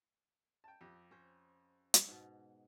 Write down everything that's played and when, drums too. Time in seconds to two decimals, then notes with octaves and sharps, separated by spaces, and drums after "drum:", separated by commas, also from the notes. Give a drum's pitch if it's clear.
0.64 G5 A5
0.81 F2 G4
1.11 C#4 C5
1.94 drum: hi-hat
2.08 G#2 B2